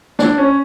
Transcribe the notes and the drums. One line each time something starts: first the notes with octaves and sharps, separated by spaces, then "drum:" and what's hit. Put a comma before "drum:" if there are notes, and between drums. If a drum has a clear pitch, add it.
D4, drum: snare
C#4